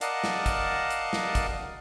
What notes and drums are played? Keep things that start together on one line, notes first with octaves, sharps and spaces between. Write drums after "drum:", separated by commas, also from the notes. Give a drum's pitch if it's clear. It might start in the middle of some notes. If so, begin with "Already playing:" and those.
A#4 D5 D#5 F5 F#5 A5, drum: hi-hat
drum: snare
drum: kick, hi-hat
drum: hi-hat
drum: snare
drum: kick, hi-hat